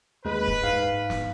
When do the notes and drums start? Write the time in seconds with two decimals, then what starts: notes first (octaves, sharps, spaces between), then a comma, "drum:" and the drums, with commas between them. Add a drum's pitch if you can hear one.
0.25 D#2 G#3 B4
0.48 drum: kick
0.63 G#2 F5
1.10 drum: snare